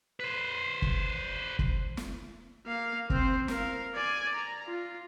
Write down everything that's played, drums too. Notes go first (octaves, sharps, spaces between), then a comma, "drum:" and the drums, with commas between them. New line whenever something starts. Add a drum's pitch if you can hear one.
B4 C5
drum: kick
drum: kick
drum: snare
A#3 F5
C4 C5, drum: kick
A#4 F5, drum: snare
D5 G#5
A#5
F4